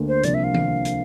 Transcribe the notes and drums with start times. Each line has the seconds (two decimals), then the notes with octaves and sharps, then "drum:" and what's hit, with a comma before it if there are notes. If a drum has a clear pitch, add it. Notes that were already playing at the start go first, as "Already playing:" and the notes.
Already playing: D2 A#3 D4
0.08 C5
0.23 C2 C3 F3 A#3 D4 D5, drum: hi-hat
0.34 E5
0.44 F5
0.54 drum: tom D#3
0.85 drum: hi-hat